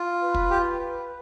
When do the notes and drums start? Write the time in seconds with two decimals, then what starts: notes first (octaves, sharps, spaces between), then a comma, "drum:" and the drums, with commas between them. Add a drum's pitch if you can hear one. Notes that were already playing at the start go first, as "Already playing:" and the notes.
Already playing: F4
0.21 B4
0.34 drum: kick
0.50 G4